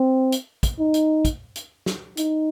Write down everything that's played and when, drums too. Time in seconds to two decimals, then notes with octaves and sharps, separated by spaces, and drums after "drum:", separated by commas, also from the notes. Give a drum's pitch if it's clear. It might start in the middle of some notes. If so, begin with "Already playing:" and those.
Already playing: C4
0.32 drum: hi-hat
0.63 drum: kick, hi-hat
0.79 D#4
0.94 drum: hi-hat
1.25 drum: kick, hi-hat
1.55 drum: hi-hat
1.86 drum: snare
2.17 D#4, drum: hi-hat